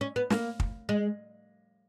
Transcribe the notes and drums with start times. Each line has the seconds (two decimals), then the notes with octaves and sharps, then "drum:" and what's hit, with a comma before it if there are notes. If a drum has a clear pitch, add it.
0.01 C#4
0.16 B3
0.30 A#3, drum: snare
0.60 drum: kick
0.89 G#3